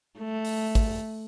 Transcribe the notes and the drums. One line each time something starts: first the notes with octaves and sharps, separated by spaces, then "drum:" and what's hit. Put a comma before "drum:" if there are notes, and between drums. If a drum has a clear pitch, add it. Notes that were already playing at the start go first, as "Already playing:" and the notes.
A3
drum: open hi-hat
drum: kick G#1